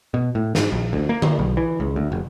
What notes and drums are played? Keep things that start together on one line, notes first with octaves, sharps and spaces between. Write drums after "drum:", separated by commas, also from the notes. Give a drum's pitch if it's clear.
B2
A2
G#2, drum: snare
A#1
D2
A#3
drum: tom D3
B1
E3
C#2
D2
F1